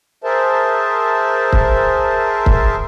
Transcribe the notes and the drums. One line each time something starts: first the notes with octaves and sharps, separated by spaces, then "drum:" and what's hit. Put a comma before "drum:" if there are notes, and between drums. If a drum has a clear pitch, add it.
G#4 A#4 C5 E5 A5
drum: kick
drum: kick